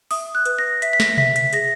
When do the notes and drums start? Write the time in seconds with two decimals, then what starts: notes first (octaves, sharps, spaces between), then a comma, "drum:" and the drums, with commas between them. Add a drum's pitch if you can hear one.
0.11 E5 D#6, drum: open hi-hat
0.35 F#6
0.46 B4, drum: hi-hat
0.59 A#6
0.82 E5 B6, drum: hi-hat
0.93 B6
1.00 A#6, drum: snare
1.18 E5 B6, drum: tom B2
1.36 B6, drum: hi-hat
1.53 G#4 A#6, drum: hi-hat